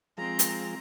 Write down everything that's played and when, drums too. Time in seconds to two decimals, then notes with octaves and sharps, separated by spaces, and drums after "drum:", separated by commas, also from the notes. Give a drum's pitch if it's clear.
0.18 F3 G#3 C4 A#5
0.39 drum: hi-hat